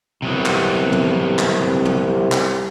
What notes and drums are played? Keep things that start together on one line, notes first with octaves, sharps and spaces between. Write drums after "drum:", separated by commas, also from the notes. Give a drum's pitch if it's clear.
C2 C3 F#3 B3
drum: clap
drum: tom
drum: clap
drum: tom
drum: clap